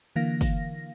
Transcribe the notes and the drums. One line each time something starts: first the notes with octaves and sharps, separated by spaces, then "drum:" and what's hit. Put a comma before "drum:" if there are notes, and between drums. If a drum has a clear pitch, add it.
D3 E3 A#3 F5 A#6
drum: kick, open hi-hat